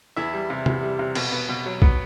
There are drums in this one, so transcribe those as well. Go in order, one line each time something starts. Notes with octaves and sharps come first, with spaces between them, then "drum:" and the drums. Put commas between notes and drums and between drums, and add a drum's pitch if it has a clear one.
E2 E4 E5
G3
C3
E2, drum: tom
G3
C3
B2, drum: cymbal
B3
B2
F#3
B3, drum: kick B1